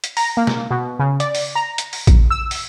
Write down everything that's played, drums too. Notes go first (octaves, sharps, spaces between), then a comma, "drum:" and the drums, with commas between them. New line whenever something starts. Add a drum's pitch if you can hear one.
drum: hi-hat
A#5, drum: open hi-hat
A#3
drum: snare
B2
C#3
D5, drum: hi-hat
drum: open hi-hat
A#5
drum: hi-hat
drum: open hi-hat
drum: kick A1, hi-hat
E6
drum: open hi-hat